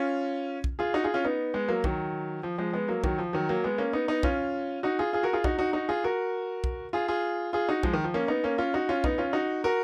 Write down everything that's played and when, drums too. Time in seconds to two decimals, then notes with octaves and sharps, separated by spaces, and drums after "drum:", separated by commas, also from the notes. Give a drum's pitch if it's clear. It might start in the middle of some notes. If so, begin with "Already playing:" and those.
Already playing: C#4 F4
0.64 drum: kick B1
0.79 F4 G#4
0.94 D#4 F#4
1.04 F4 G#4
1.14 C#4 F4
1.25 B3 D#4
1.54 G#3 B3
1.68 F#3 A#3
1.84 D#3 F#3, drum: kick B1
2.43 F3
2.58 F3 G#3
2.73 G#3 B3
2.88 F#3 A#3
3.04 D#3 F#3, drum: kick B1
3.19 F3
3.33 D#3 F#3
3.49 F#3 A#3
3.64 G#3 B3
3.78 A#3 C#4
3.93 B3 D#4
4.08 B3 D#4
4.23 C#4 F4, drum: kick B1
4.83 D#4 F#4
4.99 F4 G#4
5.13 F4 G#4
5.23 F#4 A#4
5.33 F4 G#4
5.44 D#4 F#4, drum: kick B1
5.59 D#4 F#4
5.73 D#4 F#4
5.89 F4 G#4
6.04 F#4 A#4
6.64 drum: kick B1
6.93 F4 G#4
7.08 F4 G#4
7.53 F4 G#4
7.69 D#4 F#4
7.83 F3 G#3, drum: kick B1
7.93 D#3
8.04 F3
8.14 A#3 C#4
8.28 B3 D#4
8.44 A#3 C#4
8.58 C#4 F4
8.74 D#4 F#4
8.89 C#4 F4
9.04 B3 D#4, drum: kick B1
9.18 C#4 F4
9.33 D#4 F#4
9.64 F#4 A#4